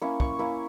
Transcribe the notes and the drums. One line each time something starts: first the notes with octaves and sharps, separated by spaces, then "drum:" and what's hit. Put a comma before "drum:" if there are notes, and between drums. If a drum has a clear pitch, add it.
A#3 C#4 E4 C#6
C#6, drum: kick
A#3 C#4 E4